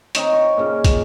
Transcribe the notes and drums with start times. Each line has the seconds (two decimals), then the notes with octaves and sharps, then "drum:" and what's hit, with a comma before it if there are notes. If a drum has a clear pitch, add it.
0.15 C4 D#4 C#5, drum: hi-hat
0.31 A#5 C#6
0.57 A#2 C#3 C#4
0.85 drum: kick, hi-hat